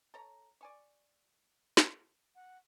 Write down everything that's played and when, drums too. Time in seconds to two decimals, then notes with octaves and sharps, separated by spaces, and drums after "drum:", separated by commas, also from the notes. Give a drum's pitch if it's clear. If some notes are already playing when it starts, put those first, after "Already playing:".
0.14 A4 C#5 A#5
0.61 D5 G#5 C#6
1.77 drum: snare
2.35 F#5